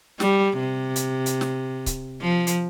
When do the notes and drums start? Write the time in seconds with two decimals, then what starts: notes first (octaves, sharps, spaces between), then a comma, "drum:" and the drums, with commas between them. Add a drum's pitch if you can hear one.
0.20 G3, drum: snare
0.59 C3
0.96 drum: hi-hat
1.26 drum: hi-hat
1.41 drum: snare
1.86 drum: kick C#1, hi-hat
2.21 F3
2.47 drum: hi-hat